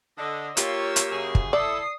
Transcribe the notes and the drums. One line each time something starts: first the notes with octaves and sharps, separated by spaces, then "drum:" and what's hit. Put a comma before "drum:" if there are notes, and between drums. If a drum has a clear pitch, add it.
D3 D#5
A#3 F4 G4 C#5 E6, drum: hi-hat
drum: hi-hat
F#2 C#3 G#4
drum: kick
E4 A4 D5 D#6 C7